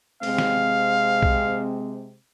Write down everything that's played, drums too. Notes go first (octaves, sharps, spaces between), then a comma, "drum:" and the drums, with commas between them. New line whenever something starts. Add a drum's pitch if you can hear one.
C3 G#3 C4 F5, drum: open hi-hat
drum: snare
drum: kick